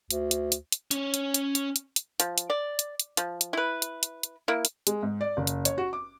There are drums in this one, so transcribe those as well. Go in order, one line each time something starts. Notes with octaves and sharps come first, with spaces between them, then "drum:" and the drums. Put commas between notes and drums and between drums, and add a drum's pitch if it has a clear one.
D2, drum: hi-hat
drum: hi-hat
drum: hi-hat
drum: hi-hat
C#4 C#5, drum: hi-hat
drum: hi-hat
drum: hi-hat
drum: hi-hat
drum: hi-hat
drum: hi-hat
F3, drum: hi-hat
drum: hi-hat
D5
drum: hi-hat
drum: hi-hat
F3, drum: hi-hat
drum: hi-hat
E4 B4
drum: hi-hat
drum: hi-hat
drum: hi-hat
A#3 E4
drum: hi-hat
G#3, drum: hi-hat
G#2
D5
F#1
drum: hi-hat
C#5, drum: hi-hat
F#4
D6